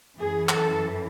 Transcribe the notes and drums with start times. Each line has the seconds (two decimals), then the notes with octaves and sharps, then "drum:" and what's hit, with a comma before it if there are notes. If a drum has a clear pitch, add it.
0.18 F#2 E3 G#4
0.49 A4, drum: clap